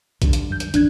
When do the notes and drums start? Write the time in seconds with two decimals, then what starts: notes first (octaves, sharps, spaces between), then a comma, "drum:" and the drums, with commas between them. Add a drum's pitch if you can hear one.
0.22 D#2 D3 G3, drum: kick, hi-hat
0.33 drum: hi-hat
0.51 F#2 G6
0.60 drum: hi-hat
0.74 A1 F2 D3 D4 F#6 G#6, drum: hi-hat